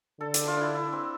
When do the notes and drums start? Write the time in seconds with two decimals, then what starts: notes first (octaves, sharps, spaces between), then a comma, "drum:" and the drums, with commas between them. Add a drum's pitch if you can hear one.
0.20 D3 A4
0.34 G4, drum: hi-hat
0.48 F4
0.57 D4 E4
0.75 E4
0.93 C4